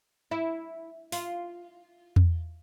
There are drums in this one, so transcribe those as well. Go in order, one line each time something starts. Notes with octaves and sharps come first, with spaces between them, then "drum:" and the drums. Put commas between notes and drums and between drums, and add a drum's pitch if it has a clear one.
E4
F4, drum: open hi-hat
drum: tom E2